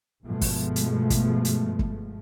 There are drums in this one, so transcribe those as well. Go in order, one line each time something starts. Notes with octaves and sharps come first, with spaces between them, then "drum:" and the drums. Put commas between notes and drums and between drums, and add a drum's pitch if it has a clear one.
G2 B2 F3 G#3 A3
drum: kick, open hi-hat
drum: hi-hat
drum: kick, hi-hat
drum: hi-hat
drum: kick